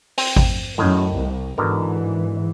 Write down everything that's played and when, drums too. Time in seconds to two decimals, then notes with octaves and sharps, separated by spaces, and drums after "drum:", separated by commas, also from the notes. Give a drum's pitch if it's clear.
0.18 C4, drum: open hi-hat
0.36 drum: kick G#1
0.78 F#2 A2 D#3
1.14 C2
1.58 G#2 B2 D3 E3 A#4